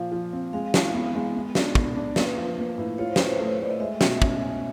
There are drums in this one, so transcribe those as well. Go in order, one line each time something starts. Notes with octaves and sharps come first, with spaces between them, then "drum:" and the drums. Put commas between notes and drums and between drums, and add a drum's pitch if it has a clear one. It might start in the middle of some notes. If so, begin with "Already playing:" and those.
Already playing: A#2 F3 F5
F3
C4
G#3 F5
E3, drum: snare
B3
G#3
B3
D4, drum: snare
B3, drum: kick
D4
A#3 B4, drum: snare
F3
A#3
A2
F4 C#5
C5
F4 B4, drum: snare
C5
A3
C#5
A3 D5
D#5
G#3 E5
B2, drum: snare
C#4, drum: kick
C#4